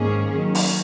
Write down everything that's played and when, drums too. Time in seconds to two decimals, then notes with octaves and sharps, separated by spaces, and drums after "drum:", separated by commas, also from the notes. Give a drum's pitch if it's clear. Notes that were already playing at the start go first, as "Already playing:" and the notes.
Already playing: G#2 D#3 A#3 C#4 G#4
0.30 D#3 F#3 C#4
0.55 drum: open hi-hat